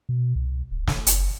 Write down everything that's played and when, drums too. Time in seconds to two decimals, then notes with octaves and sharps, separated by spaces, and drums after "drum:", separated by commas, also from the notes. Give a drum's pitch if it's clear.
0.09 B2
0.36 C2
0.71 D1
0.87 D#1, drum: snare
1.07 F#1, drum: hi-hat